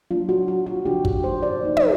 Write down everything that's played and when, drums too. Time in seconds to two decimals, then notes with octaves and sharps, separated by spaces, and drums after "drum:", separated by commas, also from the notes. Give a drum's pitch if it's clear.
0.11 F#3 A#3 D4 F4
0.29 F#4
0.48 F#4
0.66 F#4
0.85 C#3 F3 A3 D4 F4 G4
1.05 G4, drum: kick
1.24 C5
1.43 D5
1.62 F#3 A#3 D#4
1.77 drum: tom